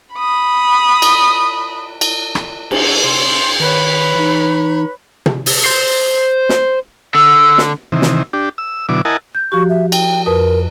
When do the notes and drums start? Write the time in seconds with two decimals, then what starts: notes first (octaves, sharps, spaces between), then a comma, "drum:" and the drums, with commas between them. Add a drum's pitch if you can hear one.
0.14 B5 D#6
1.02 drum: cymbal
2.01 drum: cymbal
2.35 drum: rim click
2.71 drum: cymbal
3.04 C3 C6
3.60 D#3 B4 C#5 B5
4.15 E3 D#4
5.26 drum: tom
5.46 drum: open hi-hat
5.66 C5
6.49 drum: snare
7.15 D3 E6
7.58 drum: snare
7.92 C3 D#3 E3
8.02 drum: snare
8.33 D4 G4
8.58 E6
8.89 B2 D3 F#3 E4 D6
9.05 E4 A#4 D#5 F#5 G#5 A5
9.35 G6
9.52 F3 F#4 G4 C#6
9.69 E5
9.92 G5, drum: cymbal
10.26 F2 A#4 B4 D#6